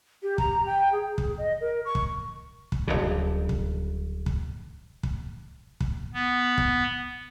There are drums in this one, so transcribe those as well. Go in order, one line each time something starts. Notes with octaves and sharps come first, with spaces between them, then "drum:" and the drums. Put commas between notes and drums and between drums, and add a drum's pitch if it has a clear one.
G4
A#5, drum: kick
G5
G#4
drum: kick
D#5
A#4
C#6
drum: kick
drum: kick
D1 G1 G2 C#3
drum: kick
drum: kick
drum: kick
drum: kick
B3
drum: kick